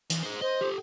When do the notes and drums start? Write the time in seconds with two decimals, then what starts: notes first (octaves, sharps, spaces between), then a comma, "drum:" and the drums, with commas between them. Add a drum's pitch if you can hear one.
0.10 E2, drum: hi-hat
0.23 G#4 C5
0.41 C5 D#5
0.61 G4 A4